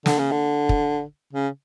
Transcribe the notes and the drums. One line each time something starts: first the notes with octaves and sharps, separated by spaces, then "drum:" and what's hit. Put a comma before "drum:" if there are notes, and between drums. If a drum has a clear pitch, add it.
D3, drum: snare
C#3
D3
drum: kick
C#3